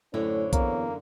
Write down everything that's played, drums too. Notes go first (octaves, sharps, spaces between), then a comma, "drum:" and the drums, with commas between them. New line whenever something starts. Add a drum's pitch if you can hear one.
F#2 A2 D3 C#4 E4 C5 C#5
E2 A#3, drum: kick A#1, hi-hat